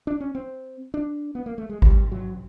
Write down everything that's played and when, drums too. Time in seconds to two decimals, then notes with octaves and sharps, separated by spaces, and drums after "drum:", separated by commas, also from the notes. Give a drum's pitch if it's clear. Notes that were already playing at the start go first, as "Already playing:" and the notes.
0.07 D4
0.20 C#4
0.35 C4
0.94 D4
1.35 B3
1.46 A#3
1.58 A3
1.69 G#3
1.82 G3, drum: kick G#1
2.12 F#3